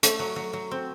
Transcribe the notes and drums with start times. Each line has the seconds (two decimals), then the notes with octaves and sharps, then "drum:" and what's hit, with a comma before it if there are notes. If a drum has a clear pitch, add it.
0.03 A3, drum: hi-hat
0.19 F#3
0.36 F#3
0.53 F#3
0.71 C4